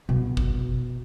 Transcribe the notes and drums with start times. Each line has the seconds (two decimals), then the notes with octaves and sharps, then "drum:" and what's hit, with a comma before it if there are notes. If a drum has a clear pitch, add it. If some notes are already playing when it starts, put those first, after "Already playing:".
0.09 B2
0.37 drum: kick